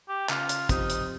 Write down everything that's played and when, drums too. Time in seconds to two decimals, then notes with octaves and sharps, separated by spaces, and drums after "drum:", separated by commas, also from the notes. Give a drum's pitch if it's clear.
0.09 G4
0.29 C#3 F4, drum: clap
0.49 drum: hi-hat
0.69 F3 C4 D#4 G4 C5, drum: kick, hi-hat
0.90 drum: hi-hat